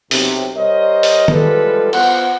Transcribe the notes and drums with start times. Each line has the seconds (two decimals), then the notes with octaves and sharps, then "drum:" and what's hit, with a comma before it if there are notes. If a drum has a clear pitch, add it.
0.11 B1 C3, drum: open hi-hat
0.55 G3 A#4 C5 C#5 D#5
1.03 drum: open hi-hat
1.28 E3 F3 G3 G#3 A4 B4, drum: tom D#3
1.93 B3 F4 C5 F#5, drum: cymbal